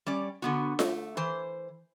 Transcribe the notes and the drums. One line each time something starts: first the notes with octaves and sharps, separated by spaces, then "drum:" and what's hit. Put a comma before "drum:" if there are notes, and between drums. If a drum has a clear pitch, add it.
G3 C#4 D5
D3 B3 F#4
A3, drum: snare F4
E3 C5